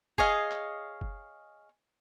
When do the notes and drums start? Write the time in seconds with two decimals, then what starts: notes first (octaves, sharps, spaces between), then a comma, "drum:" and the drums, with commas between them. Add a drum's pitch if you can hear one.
0.18 G#4 C#5 D#5 F5, drum: kick F#1
0.51 drum: clap
1.01 drum: kick F#1